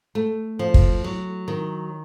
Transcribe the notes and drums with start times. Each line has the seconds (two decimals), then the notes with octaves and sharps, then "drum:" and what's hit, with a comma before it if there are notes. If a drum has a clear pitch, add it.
0.15 A3
0.59 F3
0.74 drum: kick
1.04 F#3
1.48 D#3